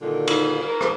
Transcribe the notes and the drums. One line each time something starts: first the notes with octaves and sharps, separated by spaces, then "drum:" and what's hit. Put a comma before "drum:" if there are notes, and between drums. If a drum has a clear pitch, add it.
A#2 D3 D#3 F#3 G3 F4
drum: cymbal
A#4
drum: rim click